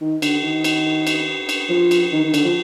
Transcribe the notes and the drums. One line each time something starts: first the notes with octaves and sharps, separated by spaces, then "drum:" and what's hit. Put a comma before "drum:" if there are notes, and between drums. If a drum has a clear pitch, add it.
D#3
D3, drum: cymbal
D#3
drum: cymbal
drum: cymbal
drum: cymbal
F3
drum: cymbal
D#3
D#3
D3, drum: cymbal
F3